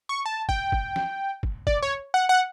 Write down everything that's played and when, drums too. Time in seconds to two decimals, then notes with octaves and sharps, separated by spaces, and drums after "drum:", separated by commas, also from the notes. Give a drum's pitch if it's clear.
0.09 C#6
0.26 A5
0.49 G5, drum: kick
0.72 drum: kick
0.96 drum: snare
1.43 drum: kick
1.67 D5, drum: kick
1.83 C#5
2.14 F#5
2.29 F#5